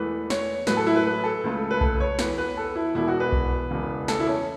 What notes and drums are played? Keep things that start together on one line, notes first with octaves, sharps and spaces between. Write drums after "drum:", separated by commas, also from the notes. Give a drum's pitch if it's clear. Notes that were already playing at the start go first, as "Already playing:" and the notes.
Already playing: E1 E2 E3 A3 B4
C#5, drum: snare
A1 A2 F#3 B4, drum: snare
A4
E4
B4
B4
A4
C#2 C#3 A3
B4
A4, drum: kick B1
C#5
E2 E3 B3 B4, drum: snare
B4
A4
E4
E1 E2 B2 E4
F#4
B4
drum: kick B1
E1 E2 C#3
A4, drum: snare
E4
C#4